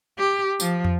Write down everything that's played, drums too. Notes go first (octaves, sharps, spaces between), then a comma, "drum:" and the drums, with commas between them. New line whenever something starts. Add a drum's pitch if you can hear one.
G4
F3, drum: tambourine
drum: tom